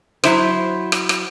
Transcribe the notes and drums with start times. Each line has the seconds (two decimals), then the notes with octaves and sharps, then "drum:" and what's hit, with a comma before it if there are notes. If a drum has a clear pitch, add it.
0.24 F#3 E4 C5, drum: rim click
0.92 drum: rim click
1.09 drum: rim click